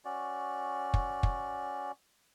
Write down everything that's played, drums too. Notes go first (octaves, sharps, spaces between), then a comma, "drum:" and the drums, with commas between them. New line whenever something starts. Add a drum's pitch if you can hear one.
C#4 F#4 D5
drum: kick
drum: kick